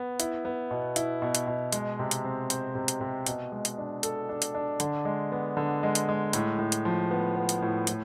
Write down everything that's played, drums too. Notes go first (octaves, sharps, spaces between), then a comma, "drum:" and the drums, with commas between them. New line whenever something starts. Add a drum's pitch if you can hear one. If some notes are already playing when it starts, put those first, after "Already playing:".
Already playing: B3
E4, drum: hi-hat
B3
B2
E4, drum: hi-hat
B2
drum: hi-hat
B2
G#3, drum: hi-hat
C3
drum: hi-hat
C4
C4, drum: hi-hat
C3
drum: hi-hat
C3
B2, drum: hi-hat
G#3
drum: hi-hat
D4
A4, drum: hi-hat
D4
drum: hi-hat
D4
D3, drum: hi-hat
G#3
B3
D3
G#3
drum: hi-hat
G#3
A2, drum: hi-hat
A2
drum: hi-hat
F3
B3
B3
drum: hi-hat
A2
A2, drum: hi-hat